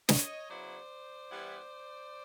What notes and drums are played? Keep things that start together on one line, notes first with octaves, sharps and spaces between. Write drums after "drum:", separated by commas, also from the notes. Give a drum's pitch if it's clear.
C#5 D#5, drum: snare
C#3 F#3 B3 E4 C5 D5
E3 G3 B3 E4